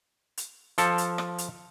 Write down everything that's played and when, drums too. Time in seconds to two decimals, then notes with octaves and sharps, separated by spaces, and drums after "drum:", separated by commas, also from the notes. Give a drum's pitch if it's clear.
0.37 drum: hi-hat
0.78 F3 A4, drum: hi-hat
0.98 drum: hi-hat
1.18 drum: rim click
1.38 drum: hi-hat